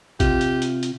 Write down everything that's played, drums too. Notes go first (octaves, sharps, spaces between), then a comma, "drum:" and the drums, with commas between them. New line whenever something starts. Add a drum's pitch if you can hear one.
C3 F4 G4, drum: kick, hi-hat
drum: hi-hat
drum: hi-hat
drum: hi-hat